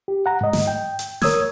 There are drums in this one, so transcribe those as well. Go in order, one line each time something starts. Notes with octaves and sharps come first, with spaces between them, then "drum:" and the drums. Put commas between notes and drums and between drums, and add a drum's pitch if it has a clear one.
G4
F#5 A#5
G#2 D#5
drum: snare
G5
drum: hi-hat
A#4 C#5 D#6 E6 G#6, drum: snare